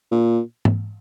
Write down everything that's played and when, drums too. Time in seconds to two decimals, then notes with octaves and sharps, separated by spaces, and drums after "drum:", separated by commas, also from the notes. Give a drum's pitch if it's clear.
0.12 A#2
0.65 drum: tom